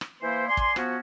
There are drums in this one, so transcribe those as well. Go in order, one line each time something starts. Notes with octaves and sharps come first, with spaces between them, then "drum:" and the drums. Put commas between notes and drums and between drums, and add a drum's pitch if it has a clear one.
drum: rim click
E3 A#3 E4 C5
D5 G#5 C6
drum: kick
F3 B3 C#4 F#4, drum: rim click